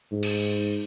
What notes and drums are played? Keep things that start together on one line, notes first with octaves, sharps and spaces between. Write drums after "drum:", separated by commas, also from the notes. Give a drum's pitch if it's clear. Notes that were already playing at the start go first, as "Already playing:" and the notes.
G#2
drum: cymbal